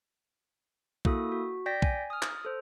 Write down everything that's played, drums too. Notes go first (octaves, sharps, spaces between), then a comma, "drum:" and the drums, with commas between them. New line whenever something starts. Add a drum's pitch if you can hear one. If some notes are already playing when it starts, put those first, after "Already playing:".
A#3 E4 F#4 A4 D#6, drum: kick
F#4
D5 G5 G6 A#6 B6
G#5, drum: kick
D#6 F6
drum: clap
A4 C5